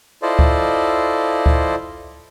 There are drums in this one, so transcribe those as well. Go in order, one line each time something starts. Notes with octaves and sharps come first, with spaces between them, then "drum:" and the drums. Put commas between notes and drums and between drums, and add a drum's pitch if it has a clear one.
E4 F4 A4 C5 D5 D#5
drum: kick D2
drum: kick D2